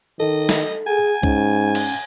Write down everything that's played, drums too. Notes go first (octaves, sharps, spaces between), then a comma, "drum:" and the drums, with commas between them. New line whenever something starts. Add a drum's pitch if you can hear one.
D#3 A4 D#5
drum: snare
G#4 G#5
G#2 C#4, drum: kick C2
drum: cymbal